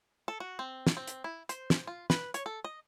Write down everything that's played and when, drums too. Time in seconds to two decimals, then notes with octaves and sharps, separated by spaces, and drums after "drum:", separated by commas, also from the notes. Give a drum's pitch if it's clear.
0.28 A4
0.40 F#4
0.59 C4
0.87 drum: snare
0.97 C4
1.07 drum: hi-hat
1.24 E4
1.49 C5, drum: hi-hat
1.70 drum: snare
1.87 F4
2.10 B4, drum: snare
2.34 C#5, drum: hi-hat
2.46 A4
2.64 D#5